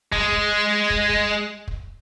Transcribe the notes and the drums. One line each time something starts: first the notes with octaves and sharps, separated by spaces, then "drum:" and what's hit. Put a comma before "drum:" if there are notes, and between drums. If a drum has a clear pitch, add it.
G#3, drum: kick
drum: kick
drum: kick
drum: kick
drum: kick